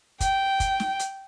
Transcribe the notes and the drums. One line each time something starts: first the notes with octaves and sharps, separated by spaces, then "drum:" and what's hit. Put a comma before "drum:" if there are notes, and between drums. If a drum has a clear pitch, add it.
G5, drum: kick, hi-hat
drum: kick, hi-hat
drum: snare
drum: hi-hat